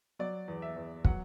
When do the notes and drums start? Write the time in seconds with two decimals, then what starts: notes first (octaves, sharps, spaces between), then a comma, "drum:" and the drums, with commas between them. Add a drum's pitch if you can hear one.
0.19 F#3 D5
0.48 E2
0.62 E5
0.76 E2
1.05 F#3 F#5, drum: kick